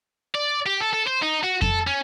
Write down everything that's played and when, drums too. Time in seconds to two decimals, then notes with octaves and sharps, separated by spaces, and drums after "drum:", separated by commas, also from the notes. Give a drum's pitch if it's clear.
0.35 D5
0.66 G4
0.81 A4
0.94 A4
1.07 C5
1.23 D#4
1.44 F#4
1.62 A4, drum: kick F2
1.87 C#4